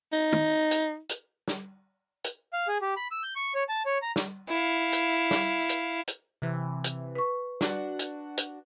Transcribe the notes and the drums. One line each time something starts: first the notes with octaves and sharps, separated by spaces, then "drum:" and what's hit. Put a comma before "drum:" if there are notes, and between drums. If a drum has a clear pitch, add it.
D#4
drum: tom
drum: hi-hat
drum: hi-hat
drum: snare
drum: hi-hat
F5
G#4
G4
B5
E6
G6
C#6
C#5
A5
C#5
A#5
drum: snare
E4 F5
drum: hi-hat
drum: snare
drum: hi-hat
drum: hi-hat
C3 E3
drum: hi-hat
B4 C#6
D4 F#4 F#5, drum: snare
drum: hi-hat
drum: hi-hat